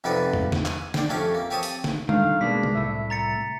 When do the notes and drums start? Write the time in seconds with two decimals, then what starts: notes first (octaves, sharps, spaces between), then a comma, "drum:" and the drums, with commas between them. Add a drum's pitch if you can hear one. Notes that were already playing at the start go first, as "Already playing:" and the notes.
0.04 F2 C3 B3 D#4 F4 D5
0.33 drum: tom E2
0.52 drum: snare
0.65 G#5, drum: clap
0.94 D5 G5, drum: snare
1.09 F2 A3 C#4 G4 F5
1.35 A#3
1.50 C4 G4 C#5 G#5 A5 D#6
1.63 drum: open hi-hat
1.84 drum: snare
2.09 D3 D#3 F5, drum: tom G3
2.41 B2 G#3 A#3 D4 B6
2.63 drum: tom C3
2.75 C2 A2 E5
3.10 A#5 A6 C#7